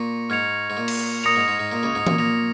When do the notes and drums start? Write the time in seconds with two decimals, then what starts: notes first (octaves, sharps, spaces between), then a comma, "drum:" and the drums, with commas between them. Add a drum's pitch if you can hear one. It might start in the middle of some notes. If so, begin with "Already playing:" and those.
Already playing: A#2 C#6 A#6 C#7 F7
0.30 G#2 F6 G#6 C#7 F7
0.70 G#2
0.77 A#2
0.88 drum: cymbal
1.24 A#2 D#6 A#6 C#7 F7
1.36 G#2
1.48 G#2
1.59 G#2
1.72 A#2
1.83 C#2 C#3
1.95 G#2
2.07 A#2, drum: tom E3
2.18 A#2 F6 A#6 F7